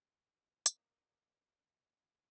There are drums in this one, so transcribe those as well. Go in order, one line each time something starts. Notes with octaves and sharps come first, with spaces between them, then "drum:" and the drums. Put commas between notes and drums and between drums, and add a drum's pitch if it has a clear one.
A#4 D5 F5 A#5 D6 D#6, drum: hi-hat